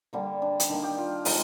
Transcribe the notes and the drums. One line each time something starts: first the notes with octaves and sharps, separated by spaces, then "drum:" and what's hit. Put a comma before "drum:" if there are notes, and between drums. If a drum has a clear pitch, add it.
D3 G3 A#3 D4
D4
drum: hi-hat
D#3 A#3 D4
G4
F4
C3 F3 G#3 C4 D#4, drum: open hi-hat